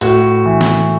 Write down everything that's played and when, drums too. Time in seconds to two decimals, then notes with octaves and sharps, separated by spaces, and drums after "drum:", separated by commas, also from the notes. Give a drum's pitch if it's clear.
0.01 A2 F#4, drum: hi-hat
0.46 E3
0.61 drum: snare